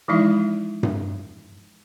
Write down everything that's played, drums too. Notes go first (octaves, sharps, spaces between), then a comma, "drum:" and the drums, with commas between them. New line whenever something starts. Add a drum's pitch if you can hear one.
E3 F3 G#3 D#4 E4 E5
drum: tom G2